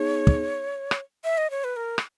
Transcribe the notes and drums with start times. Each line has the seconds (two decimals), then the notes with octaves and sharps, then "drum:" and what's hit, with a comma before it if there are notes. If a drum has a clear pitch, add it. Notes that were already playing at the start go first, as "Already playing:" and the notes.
Already playing: B3 D#4 G#4 C#5
0.27 drum: kick
0.91 drum: rim click
1.24 E5
1.37 D#5
1.50 C#5
1.64 B4
1.76 A#4
1.98 drum: rim click